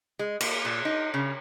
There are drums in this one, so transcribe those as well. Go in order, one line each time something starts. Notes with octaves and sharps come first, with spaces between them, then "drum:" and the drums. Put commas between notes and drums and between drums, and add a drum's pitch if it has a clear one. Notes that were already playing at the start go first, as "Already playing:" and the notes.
G#3
A#3, drum: cymbal
A#2
D#4
C#3